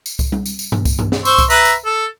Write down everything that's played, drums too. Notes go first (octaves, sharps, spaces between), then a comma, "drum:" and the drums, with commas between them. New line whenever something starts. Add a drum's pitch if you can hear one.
drum: tambourine
drum: kick C2, tambourine
drum: tom G3
drum: tambourine
drum: tambourine
drum: tom G2
drum: kick C2, tambourine
drum: tom G2
drum: snare
C5 C#6 E6, drum: tambourine
drum: kick C2, tambourine
B4 E5 A#5, drum: tambourine
drum: tambourine
A4